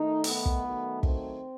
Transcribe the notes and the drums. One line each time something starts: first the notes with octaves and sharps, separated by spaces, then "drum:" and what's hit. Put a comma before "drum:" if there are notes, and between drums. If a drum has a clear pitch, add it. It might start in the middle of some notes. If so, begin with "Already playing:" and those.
Already playing: D#3 A3 D#4
B3, drum: open hi-hat
drum: kick
D#3 F#3 A3
C4, drum: kick